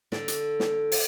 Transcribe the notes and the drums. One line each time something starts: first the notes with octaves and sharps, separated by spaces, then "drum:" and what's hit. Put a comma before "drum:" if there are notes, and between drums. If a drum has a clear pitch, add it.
D3, drum: snare
drum: hi-hat
drum: snare
drum: open hi-hat